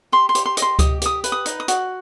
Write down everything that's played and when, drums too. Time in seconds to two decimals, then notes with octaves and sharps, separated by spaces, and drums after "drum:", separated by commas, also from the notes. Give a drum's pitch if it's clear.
0.12 G4 C6
0.29 C6
0.35 G4, drum: hi-hat
0.46 C6
0.57 D#5 D#6, drum: hi-hat
0.62 C6
0.79 G4 D#6, drum: kick C#2, hi-hat
1.02 G4 D#6, drum: hi-hat
1.24 B4, drum: hi-hat
1.32 D#6
1.46 D#4, drum: hi-hat
1.60 D#6
1.68 F#4, drum: hi-hat